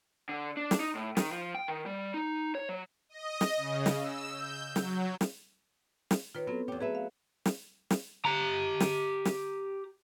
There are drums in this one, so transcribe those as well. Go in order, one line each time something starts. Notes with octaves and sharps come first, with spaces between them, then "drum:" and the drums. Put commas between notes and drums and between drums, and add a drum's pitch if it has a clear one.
D3
D4
drum: snare
D#4
A2
D#3, drum: snare
F3
G5
D#3
G3
D#4
C#5
F#3
D#5
drum: snare
C#3
drum: snare
E6
G6
F#3, drum: snare
drum: snare
drum: snare
D#3 F4 B4 C#5
F#3 B3 C4 A4
E2 G4 C#5
F#3 A3 G#4 B4 E5
F5
drum: snare
drum: snare
G4 A#5
drum: snare
drum: snare